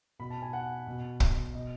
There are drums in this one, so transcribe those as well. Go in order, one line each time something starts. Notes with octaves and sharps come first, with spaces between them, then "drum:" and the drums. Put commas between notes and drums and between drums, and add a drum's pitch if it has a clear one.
B2 B5
A5
G#5
F#5
B2
drum: kick
B2 D#5